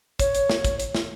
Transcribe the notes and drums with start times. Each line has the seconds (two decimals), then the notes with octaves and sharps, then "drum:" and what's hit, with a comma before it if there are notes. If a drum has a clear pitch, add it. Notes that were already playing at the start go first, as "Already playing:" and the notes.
0.19 C#5, drum: kick, hi-hat
0.34 drum: hi-hat
0.50 drum: snare
0.65 drum: kick, hi-hat
0.80 drum: hi-hat
0.95 drum: snare